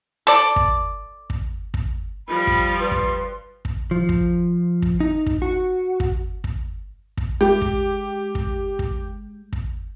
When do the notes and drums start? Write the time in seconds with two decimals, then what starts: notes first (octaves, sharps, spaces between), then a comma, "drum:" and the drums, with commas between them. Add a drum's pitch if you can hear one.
0.27 A4 D5
0.56 drum: kick
1.30 drum: kick
1.74 drum: kick
2.28 F3 G3 F4 B5
2.47 drum: kick
2.79 B4 C6
2.91 drum: kick
3.65 drum: kick
3.91 F3
4.09 drum: kick
4.82 drum: kick
5.00 D#4
5.26 drum: kick
5.42 F#4
6.00 drum: kick
6.44 drum: kick
7.17 drum: kick
7.41 G#3 G4
7.61 drum: kick
8.35 drum: kick
8.79 drum: kick
9.53 drum: kick